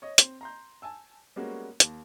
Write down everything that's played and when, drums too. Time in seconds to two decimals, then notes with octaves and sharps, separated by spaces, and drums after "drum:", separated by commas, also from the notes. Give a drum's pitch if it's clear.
0.02 C#5 D#5
0.18 C4 C5, drum: hi-hat
0.41 A#5 C6 G6
0.82 G#5 A5 E6
1.36 G3 G#3 A#3 B3 C#4 F#4
1.80 D#2, drum: hi-hat